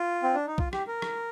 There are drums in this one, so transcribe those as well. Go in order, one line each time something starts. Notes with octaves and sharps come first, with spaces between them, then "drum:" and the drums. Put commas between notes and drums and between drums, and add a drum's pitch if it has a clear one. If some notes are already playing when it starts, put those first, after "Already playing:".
Already playing: F4
C4
D4
D#4
F4, drum: kick B1
G4, drum: rim click
A#4
drum: rim click